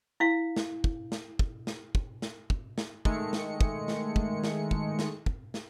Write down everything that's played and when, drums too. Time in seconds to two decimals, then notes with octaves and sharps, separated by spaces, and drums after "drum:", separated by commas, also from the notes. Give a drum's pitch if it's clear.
0.20 E4 F5
0.56 drum: snare
0.84 drum: kick
1.12 drum: snare
1.39 drum: kick
1.67 drum: snare
1.95 drum: kick
2.22 drum: snare
2.50 drum: kick
2.78 drum: snare
3.05 D#3 G#3 A3 C#7, drum: kick
3.33 drum: snare
3.61 drum: kick
3.88 drum: snare
4.16 drum: kick
4.43 drum: snare
4.71 drum: kick
4.99 drum: snare
5.26 drum: kick
5.54 drum: snare